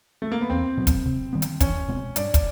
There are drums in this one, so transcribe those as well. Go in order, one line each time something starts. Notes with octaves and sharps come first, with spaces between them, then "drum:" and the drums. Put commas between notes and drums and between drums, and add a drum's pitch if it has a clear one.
A3
A#3
B3
E2 C4
B2 F#3 B3
drum: kick, hi-hat
C3
D#3 G3 B3
drum: hi-hat
E2 C#4, drum: kick, hi-hat
B2 G#3 C4
G2 D4, drum: hi-hat
drum: kick, hi-hat